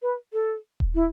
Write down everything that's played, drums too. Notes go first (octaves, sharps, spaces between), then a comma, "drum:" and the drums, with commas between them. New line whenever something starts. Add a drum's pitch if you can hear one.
B4
A4
drum: kick D#1
E4